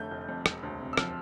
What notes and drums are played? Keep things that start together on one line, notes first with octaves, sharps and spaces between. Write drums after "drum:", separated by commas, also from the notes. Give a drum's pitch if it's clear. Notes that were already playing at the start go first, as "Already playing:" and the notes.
Already playing: F1 F2 D3 A3 G6
F1
F2
E1, drum: rim click
D2
C3
E6
F3 F6, drum: rim click